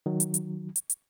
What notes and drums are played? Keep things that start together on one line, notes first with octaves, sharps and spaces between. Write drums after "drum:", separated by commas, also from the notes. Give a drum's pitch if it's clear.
D#3 F#3
drum: hi-hat
drum: hi-hat
drum: hi-hat
drum: hi-hat